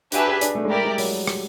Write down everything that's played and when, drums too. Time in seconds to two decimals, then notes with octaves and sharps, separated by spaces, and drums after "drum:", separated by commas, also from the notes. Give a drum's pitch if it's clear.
0.12 D4 F#4 G4 B4 E5 G#5, drum: hi-hat
0.27 G#4
0.41 D4, drum: hi-hat
0.55 A3
0.65 G#3
0.70 G3 E4 G4 A#4 D5
0.85 G#3
0.98 F#3, drum: open hi-hat
1.27 drum: rim click